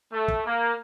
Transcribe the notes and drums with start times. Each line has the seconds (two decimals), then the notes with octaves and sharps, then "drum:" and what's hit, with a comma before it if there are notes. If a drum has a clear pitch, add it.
0.12 A3
0.28 drum: kick
0.45 A#3